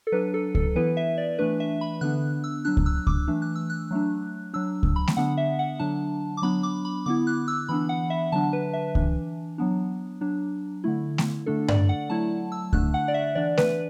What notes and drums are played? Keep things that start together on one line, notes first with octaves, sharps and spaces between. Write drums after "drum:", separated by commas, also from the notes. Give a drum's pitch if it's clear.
A4
F#3 D4 B4
A4
A4, drum: kick C#2
E3 B3 E4 B4
E5
D5
E3 A3 D4 B4
E5
B5
D3 B3 D4 F#6
E6
F#3 D4 F#6
drum: kick C#2
E6
D6, drum: kick C#2
E3 A3 D4
F#6
E6
F#6
F#3 A3 D4
F#3 D4 E6
drum: kick C#2
B5
drum: snare A3
D3 B3 D4 F#5
E5
F#5
D3 F#3 D4 A5
D6
F#3 B3 D4 B5
D6
B5
D3 B3 E4 D6
F#6
E6
E3 B3 D4 B5
F#5
E5
D3 F#3 D4 A5
B4
E5
E3 D4, drum: kick C#2
F#3 B3 D4
F#3 D4
D3 A3 E4
drum: snare A3
D3 A3 D4 A4
D5, drum: tom G2
F#5
F#3 A3 E4 A5
E6
D3 A3 D4 F#6, drum: kick C#2
F#5
D5
E5
E3 D4 D5
B4, drum: snare A3